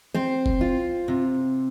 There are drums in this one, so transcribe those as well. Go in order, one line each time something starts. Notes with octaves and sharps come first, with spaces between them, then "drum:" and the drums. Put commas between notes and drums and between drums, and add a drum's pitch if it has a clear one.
C4 C5
drum: kick F#1
F4
C3